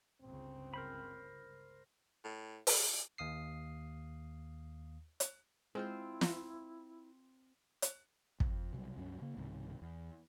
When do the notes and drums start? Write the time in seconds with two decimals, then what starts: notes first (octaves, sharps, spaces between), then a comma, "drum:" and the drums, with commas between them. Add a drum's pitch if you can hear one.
0.21 G1 C#2 C#3 C4
0.74 A#4 C5 B5
2.24 A2
2.67 drum: open hi-hat
3.18 D#2 F5 D#6 C7
5.20 drum: hi-hat
5.75 G#3 C4 E4 F4 C5
6.21 drum: snare
7.82 drum: hi-hat
8.40 F2, drum: kick
8.73 B1 C3 F#3 G3
8.96 C#2 G2 F#3 C#4
9.22 C#3 A#3
9.37 B1 G2 C3 D#3
9.82 E2